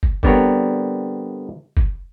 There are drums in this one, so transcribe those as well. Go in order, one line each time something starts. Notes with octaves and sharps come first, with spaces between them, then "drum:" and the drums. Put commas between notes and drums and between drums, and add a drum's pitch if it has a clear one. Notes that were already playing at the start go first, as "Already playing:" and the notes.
drum: kick
D3 G3 B3 C4 A#4 C#5, drum: kick
drum: kick